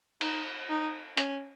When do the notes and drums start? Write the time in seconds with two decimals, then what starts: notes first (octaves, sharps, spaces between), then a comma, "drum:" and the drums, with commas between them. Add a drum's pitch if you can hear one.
0.21 D#4, drum: cymbal
0.69 D#4
1.17 C#4, drum: hi-hat